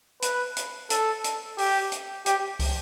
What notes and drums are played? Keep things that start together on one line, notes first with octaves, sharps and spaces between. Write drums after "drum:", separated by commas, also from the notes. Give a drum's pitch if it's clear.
B4, drum: hi-hat
drum: hi-hat
A4, drum: hi-hat
drum: hi-hat
G4, drum: open hi-hat
drum: hi-hat
G4, drum: hi-hat
drum: kick, open hi-hat